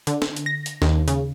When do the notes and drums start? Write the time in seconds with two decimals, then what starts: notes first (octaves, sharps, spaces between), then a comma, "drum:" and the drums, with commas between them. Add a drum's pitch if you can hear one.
0.07 D3, drum: hi-hat
0.22 drum: snare
0.36 drum: hi-hat
0.46 A#6
0.66 drum: hi-hat
0.82 D#2, drum: snare
1.08 C#3, drum: hi-hat